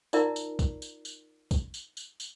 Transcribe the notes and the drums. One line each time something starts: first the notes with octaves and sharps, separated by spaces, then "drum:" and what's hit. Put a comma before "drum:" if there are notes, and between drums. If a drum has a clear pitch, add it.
D#4 F4 A#4 D5 E5 A#5, drum: tambourine
drum: tambourine
drum: kick B1, tambourine
drum: tambourine
drum: tambourine
drum: kick B1, tambourine
drum: tambourine
drum: tambourine
drum: tambourine